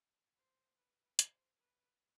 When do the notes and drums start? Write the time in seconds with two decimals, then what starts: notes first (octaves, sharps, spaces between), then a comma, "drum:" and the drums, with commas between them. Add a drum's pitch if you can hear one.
0.35 C5
0.76 B4
1.19 C5, drum: hi-hat
1.60 B4